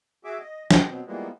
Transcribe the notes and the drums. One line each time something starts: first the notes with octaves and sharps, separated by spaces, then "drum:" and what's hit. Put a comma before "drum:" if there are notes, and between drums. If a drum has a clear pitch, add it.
F#4 G#4 E5 D6
D#5
D#3 D#5 F#5 G5 C6, drum: snare
B2 F#3 B3 C4
E3 F3 G3 G#3 A#3 B3